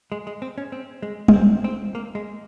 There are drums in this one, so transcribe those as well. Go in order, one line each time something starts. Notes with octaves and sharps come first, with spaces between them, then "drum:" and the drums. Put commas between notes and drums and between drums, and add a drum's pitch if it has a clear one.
G#3
G#3
C4
C#4
C4
G#3
C#4, drum: tom G3
C4
C4
A#3
G#3